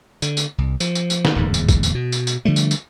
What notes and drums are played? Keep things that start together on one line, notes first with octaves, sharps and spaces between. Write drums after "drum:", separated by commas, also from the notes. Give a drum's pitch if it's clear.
D3, drum: tambourine
drum: tambourine
C2
F3, drum: tambourine
drum: tambourine
drum: tambourine
drum: snare
D1 E2 G#2
drum: tambourine
drum: kick, tambourine
drum: tambourine
B2
drum: tambourine
drum: tambourine
D3 F3 G3 A3
drum: tambourine
drum: tambourine